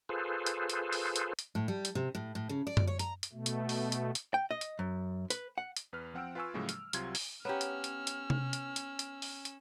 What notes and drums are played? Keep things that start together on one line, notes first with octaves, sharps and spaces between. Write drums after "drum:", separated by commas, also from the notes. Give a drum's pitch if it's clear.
F4 G#4 A4 B4 C5
drum: hi-hat
drum: hi-hat
drum: open hi-hat
drum: hi-hat
drum: hi-hat
A2
G3
drum: hi-hat
C3
A2
A2
C#3
D5
drum: tom F#2
C#5
A#5, drum: hi-hat
drum: hi-hat
B2 A3
drum: hi-hat
drum: open hi-hat
drum: hi-hat
drum: hi-hat
G5
D#5
drum: hi-hat
F#2
B4, drum: hi-hat
F#5
drum: hi-hat
E2 B4 F6
F3 C4 F#5 G5 E6 D7
F4 B4 F5 G#5 C#6 E6
A2 C#3 F3 F#3 G#3 A#3
F6, drum: hi-hat
C2 C3 F#3 F4 C6 G#6, drum: hi-hat
drum: open hi-hat
B3 C#4 G4 C#5 A#5 E6 F6
drum: hi-hat
drum: hi-hat
drum: hi-hat
drum: tom C3
drum: hi-hat
drum: hi-hat
drum: hi-hat
drum: open hi-hat
drum: hi-hat